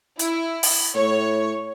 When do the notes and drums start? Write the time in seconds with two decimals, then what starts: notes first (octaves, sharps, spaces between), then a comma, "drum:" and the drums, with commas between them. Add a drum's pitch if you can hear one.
0.19 E4, drum: hi-hat
0.63 drum: open hi-hat
0.95 A2 C#5